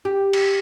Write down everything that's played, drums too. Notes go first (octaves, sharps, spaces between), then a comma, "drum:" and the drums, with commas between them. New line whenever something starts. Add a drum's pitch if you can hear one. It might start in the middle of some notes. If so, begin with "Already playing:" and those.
G4
drum: cymbal